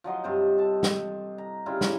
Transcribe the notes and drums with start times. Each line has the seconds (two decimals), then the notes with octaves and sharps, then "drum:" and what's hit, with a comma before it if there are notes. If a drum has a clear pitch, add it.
0.04 F3 F#3 D#5 C6
0.24 G2 C3 C5
0.58 A4 A5
0.83 drum: snare
1.38 A#5
1.66 C#3 G3 E4 F4
1.81 drum: snare